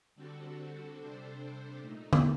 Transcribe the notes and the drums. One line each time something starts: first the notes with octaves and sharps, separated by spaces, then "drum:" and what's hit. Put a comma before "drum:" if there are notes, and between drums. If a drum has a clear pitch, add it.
D3 G3 C4 F#4 A4
C3 G3 D4 A4 C5
A#2 A3 D#4
drum: tom D3